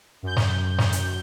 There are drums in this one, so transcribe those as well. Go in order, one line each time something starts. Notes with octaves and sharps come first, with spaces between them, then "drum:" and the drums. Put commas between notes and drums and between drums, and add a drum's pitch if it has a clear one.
F#2 G6
drum: snare
drum: snare
drum: hi-hat